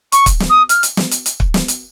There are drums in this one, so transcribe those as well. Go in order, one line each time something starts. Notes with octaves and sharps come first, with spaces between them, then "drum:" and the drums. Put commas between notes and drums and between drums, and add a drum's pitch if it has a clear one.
C#6, drum: hi-hat
drum: kick, hi-hat
drum: snare
D#6
F6, drum: hi-hat
drum: hi-hat
drum: snare
drum: hi-hat
drum: hi-hat
drum: kick
drum: snare
drum: hi-hat